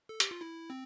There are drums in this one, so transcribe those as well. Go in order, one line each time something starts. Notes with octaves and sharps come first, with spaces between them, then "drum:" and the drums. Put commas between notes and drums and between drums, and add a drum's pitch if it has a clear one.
A4
G4, drum: hi-hat
F4
E4
C4